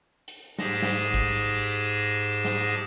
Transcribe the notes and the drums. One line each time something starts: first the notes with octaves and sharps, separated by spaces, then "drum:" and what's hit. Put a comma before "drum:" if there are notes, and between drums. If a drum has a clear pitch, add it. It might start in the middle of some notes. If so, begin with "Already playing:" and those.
drum: hi-hat
G#2 G4 G#4 A5 A#6, drum: snare
drum: snare
drum: kick
drum: snare